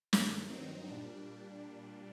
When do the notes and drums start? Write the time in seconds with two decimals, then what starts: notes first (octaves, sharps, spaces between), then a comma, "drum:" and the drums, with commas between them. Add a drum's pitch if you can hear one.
0.13 G2 D#3 A3, drum: snare
0.49 G2 D#3 F#3 C4 D#4
0.88 A#2 G3 D4